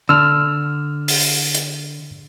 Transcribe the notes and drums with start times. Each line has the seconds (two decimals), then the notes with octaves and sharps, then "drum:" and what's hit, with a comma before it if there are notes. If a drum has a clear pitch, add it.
0.09 D3 E6 F6
1.08 drum: open hi-hat
1.55 drum: hi-hat